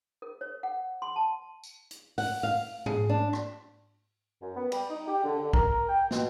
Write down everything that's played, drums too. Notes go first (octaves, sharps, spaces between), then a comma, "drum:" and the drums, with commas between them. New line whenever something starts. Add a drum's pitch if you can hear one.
A#4
C#5
F#5
C6
A5
drum: tambourine
drum: hi-hat
F#5, drum: open hi-hat
F5
G#4, drum: tom G#2
D4
drum: rim click
F#2
B3
G3, drum: cymbal
D#4
G4
D3
D3
A#4, drum: kick
G5
B2, drum: snare